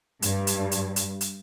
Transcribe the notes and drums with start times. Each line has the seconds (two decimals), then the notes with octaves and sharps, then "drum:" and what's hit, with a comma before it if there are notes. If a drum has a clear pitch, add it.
0.22 G2, drum: hi-hat
0.47 drum: hi-hat
0.71 drum: hi-hat
0.96 drum: hi-hat
1.21 drum: hi-hat